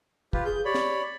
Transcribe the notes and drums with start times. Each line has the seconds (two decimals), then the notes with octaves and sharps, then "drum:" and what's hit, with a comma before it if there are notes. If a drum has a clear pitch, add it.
0.33 F4 G4 B4, drum: kick
0.45 G#4 G6
0.65 G4 C#5 D5 B5
0.74 drum: snare